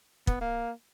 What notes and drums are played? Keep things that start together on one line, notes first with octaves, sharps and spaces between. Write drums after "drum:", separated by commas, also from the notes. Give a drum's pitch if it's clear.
B3, drum: kick
A#3